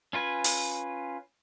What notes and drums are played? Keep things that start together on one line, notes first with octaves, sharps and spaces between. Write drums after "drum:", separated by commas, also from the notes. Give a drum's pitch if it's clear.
C#4 F4 B4 G#5
drum: open hi-hat